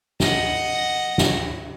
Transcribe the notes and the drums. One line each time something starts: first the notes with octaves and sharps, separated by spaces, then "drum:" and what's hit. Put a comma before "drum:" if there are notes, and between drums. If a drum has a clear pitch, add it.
D#5 F#5, drum: snare
drum: snare